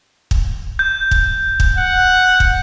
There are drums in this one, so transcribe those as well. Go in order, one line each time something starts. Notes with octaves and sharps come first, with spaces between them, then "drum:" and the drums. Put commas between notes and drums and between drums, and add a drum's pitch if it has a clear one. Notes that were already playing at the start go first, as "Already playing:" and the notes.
drum: kick
G6
drum: kick
drum: kick
F#5
drum: kick